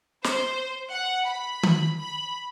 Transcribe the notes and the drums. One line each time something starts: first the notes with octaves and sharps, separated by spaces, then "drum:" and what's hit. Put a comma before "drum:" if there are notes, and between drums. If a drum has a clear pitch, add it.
C5, drum: snare
F#5
B5
drum: tom D#3
B5